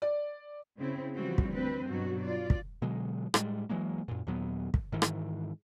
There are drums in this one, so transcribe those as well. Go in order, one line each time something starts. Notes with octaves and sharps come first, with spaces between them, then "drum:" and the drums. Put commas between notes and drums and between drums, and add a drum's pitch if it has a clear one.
D5
C#3 C4 E4
C#3 E3 F3 G3 C4 F#4
drum: kick
D2 C4 B4
G2 B2 F#3 F#4
F4 D5
drum: kick
B2 D3 F#3 G#3
A2 G3 G#3, drum: rim click
E3 F#3 G#3 A#3
F#2 A#2
D#2 A#2 F#3 B3
drum: kick
G#2 D#3 E3
drum: rim click